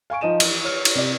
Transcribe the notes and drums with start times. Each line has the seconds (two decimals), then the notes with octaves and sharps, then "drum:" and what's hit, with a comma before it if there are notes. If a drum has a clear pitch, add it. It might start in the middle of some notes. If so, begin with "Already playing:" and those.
0.10 F5 G#5 C#6 D7
0.21 F3 D#4 D#5 D#7 E7
0.40 E3, drum: cymbal
0.64 C#5 F6
0.85 drum: cymbal
0.95 C3 D5